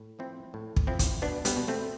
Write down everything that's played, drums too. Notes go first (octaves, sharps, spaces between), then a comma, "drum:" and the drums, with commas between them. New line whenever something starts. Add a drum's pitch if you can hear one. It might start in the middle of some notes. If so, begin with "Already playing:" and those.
Already playing: A2
F3 C4 E4
A2
drum: kick
F3 C4 E4
drum: kick, hi-hat
B2 B3 D4
G3 B3, drum: hi-hat
B2
A3 C4